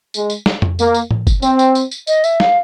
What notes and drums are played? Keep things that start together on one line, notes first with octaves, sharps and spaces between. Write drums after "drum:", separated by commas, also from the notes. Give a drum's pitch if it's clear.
G#3, drum: tambourine
drum: tambourine
drum: snare
drum: tom F2
A#3, drum: tambourine
drum: tambourine
drum: tom A2
drum: kick, tambourine
C4, drum: tambourine
drum: tambourine
drum: tambourine
drum: tambourine
D#5, drum: tambourine
E5, drum: tambourine
F5, drum: snare